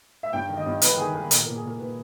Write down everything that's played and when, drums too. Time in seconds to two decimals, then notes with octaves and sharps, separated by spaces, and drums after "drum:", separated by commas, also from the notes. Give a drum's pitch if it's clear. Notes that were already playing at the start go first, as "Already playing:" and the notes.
0.23 E5
0.33 G2 G5
0.49 D#3
0.57 D#5
0.66 G2
0.82 G2 B4, drum: hi-hat
0.92 A#4
0.98 D#3 G#4
1.14 D#3 A#4
1.31 A#2 A#4, drum: hi-hat
1.42 A#4
1.47 A#2
1.55 G#4
1.63 A#2 A#4
1.79 A#2 B4